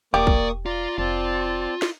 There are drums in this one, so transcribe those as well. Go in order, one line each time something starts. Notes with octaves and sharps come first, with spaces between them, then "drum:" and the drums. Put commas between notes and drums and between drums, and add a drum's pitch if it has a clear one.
E1 A#3 G4 D5 C#6 D#6
drum: kick
F4 D5 A#5
F1 C4 F4 D5 A5
drum: snare